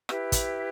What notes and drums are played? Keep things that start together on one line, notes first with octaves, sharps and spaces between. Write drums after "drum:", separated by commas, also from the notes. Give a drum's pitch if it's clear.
E4 G4 B4 E5, drum: rim click
drum: kick, hi-hat